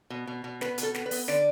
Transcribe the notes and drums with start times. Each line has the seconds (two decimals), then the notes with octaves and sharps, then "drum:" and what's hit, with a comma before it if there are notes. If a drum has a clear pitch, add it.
0.10 B2
0.27 B2
0.44 B2
0.61 B3 B4, drum: snare
0.78 B2, drum: hi-hat
0.83 A4
0.94 B3, drum: snare
1.06 B4
1.11 B3, drum: open hi-hat
1.28 D3 D5, drum: snare